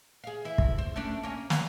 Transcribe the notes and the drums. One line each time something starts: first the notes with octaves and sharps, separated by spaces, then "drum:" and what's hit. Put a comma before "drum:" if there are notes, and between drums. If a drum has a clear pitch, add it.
G#4 F5
E3 E4
drum: kick
C5
A3 C#4 D4
A#3 C#4
F#3 B3 F5, drum: snare